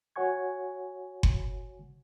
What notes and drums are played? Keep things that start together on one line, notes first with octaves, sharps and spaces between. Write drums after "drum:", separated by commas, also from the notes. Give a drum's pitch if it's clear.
F#4 C#5 F#5 G#5 C#6 G#6
drum: kick F#1